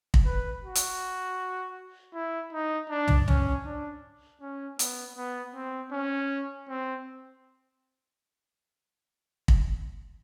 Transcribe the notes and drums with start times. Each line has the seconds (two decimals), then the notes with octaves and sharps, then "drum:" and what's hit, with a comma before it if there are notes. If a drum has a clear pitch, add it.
0.14 drum: kick
0.25 B4
0.64 F#4
0.75 drum: hi-hat
2.14 E4
2.53 D#4
2.90 D4
3.08 drum: tom
3.28 C#4, drum: tom
3.65 D4
4.41 C#4
4.79 B3, drum: hi-hat
5.17 B3
5.55 C4
5.92 C#4
6.69 C4
9.48 drum: kick